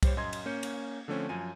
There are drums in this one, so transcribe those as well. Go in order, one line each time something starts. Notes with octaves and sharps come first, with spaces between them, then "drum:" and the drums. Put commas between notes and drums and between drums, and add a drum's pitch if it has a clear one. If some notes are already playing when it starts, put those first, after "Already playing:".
G3 C5 C#5, drum: kick C2, cymbal
F#2 D#5 C6 G#6
drum: cymbal
A#3 C#4 G6 C#7
drum: cymbal
D3 F3 A3 C4 C#4
F#2 F3 G#5 D#7